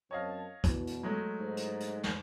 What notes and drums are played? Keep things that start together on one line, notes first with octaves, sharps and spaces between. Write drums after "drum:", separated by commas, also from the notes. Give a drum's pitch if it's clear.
F#2 C4 C#5 D#5 F5 A5
E2 B2, drum: kick, hi-hat
drum: hi-hat
F#3 G#3 A3
G#2
drum: hi-hat
drum: hi-hat
drum: snare